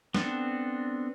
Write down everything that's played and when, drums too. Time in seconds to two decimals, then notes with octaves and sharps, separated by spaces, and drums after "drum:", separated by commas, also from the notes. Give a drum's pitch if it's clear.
0.15 B3 C4 D4 A4, drum: snare